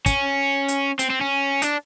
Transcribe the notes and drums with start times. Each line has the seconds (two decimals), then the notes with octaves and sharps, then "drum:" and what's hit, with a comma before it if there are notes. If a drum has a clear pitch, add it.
0.06 C#4, drum: kick, hi-hat
0.68 drum: hi-hat
0.99 C4, drum: hi-hat
1.10 C4
1.21 C#4
1.62 D4, drum: hi-hat